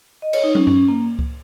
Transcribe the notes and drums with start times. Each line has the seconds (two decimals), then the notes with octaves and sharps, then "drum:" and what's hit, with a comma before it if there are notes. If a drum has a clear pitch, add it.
0.22 D#5
0.33 C#5, drum: cymbal
0.44 D#4
0.55 C#4, drum: tom
0.67 C#4, drum: tom G2
0.88 A#3
1.19 drum: kick C#2